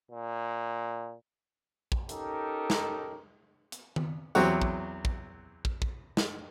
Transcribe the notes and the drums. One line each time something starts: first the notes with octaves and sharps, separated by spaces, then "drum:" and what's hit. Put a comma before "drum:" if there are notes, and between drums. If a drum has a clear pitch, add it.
A#2
drum: kick
C#4 D#4 G4 A4 A#4, drum: hi-hat
drum: snare
drum: hi-hat
drum: tom D#3
E2 F#3 C4 G4 C#5 F#5, drum: tambourine
drum: kick
drum: kick
drum: kick
drum: kick
drum: snare